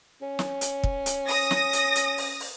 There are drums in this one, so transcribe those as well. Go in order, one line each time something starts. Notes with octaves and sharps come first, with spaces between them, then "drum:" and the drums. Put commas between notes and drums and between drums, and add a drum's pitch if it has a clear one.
C#4
drum: snare
drum: hi-hat
drum: kick
drum: hi-hat
D#6 A#6, drum: open hi-hat
drum: snare
drum: hi-hat
drum: hi-hat
drum: open hi-hat
drum: open hi-hat